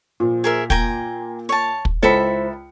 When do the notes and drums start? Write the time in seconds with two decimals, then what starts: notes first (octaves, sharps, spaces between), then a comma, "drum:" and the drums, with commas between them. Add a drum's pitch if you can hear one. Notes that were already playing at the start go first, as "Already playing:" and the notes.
0.20 A#2 F3
0.44 G#4 A#4 E5
0.70 A#3 G5 G#5 A#5, drum: kick
1.49 C#5 A5
1.85 drum: kick
2.03 C#2 E4 A4 C5 E5 B5 C#7